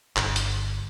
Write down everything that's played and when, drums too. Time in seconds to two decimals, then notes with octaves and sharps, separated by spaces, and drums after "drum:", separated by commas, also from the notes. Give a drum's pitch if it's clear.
0.16 G1, drum: clap
0.36 drum: hi-hat